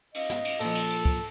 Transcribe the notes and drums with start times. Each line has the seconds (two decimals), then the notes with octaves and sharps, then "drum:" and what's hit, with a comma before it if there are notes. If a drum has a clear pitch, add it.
0.14 D#5 F5, drum: cymbal
0.30 drum: snare
0.45 drum: cymbal
0.60 A#2 F3 A4, drum: cymbal
0.75 drum: cymbal
0.90 drum: cymbal
1.05 drum: kick